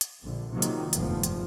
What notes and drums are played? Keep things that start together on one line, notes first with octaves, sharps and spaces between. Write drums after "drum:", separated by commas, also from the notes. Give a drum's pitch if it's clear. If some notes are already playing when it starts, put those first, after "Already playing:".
drum: hi-hat
A#1 D3
C3 D#3 F3 F#3 G#3 A#3
drum: hi-hat
F1 A#1 E2 G2 F3, drum: hi-hat
drum: hi-hat